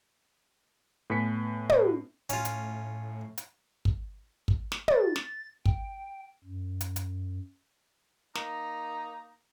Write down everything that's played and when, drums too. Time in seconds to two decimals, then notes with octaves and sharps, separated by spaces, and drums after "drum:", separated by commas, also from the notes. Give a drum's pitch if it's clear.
1.10 A2 B3 B4 G#5 B6 C#7
1.69 drum: tom
2.30 A2 C#4 F4, drum: hi-hat
2.45 drum: hi-hat
3.38 drum: hi-hat
3.85 drum: kick
4.48 drum: kick
4.72 drum: snare
4.88 A6, drum: tom
5.16 drum: snare
5.65 G5, drum: kick
6.44 F#2
6.81 drum: hi-hat
6.96 drum: hi-hat
8.35 A#3 D#4 A#5, drum: snare